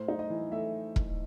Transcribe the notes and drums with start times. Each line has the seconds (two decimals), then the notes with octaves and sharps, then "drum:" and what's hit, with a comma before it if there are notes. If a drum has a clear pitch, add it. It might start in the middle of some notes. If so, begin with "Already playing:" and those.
Already playing: A2 C5
0.08 D#4
0.19 D#5
0.30 E3
0.52 A3 E5
0.96 drum: kick E1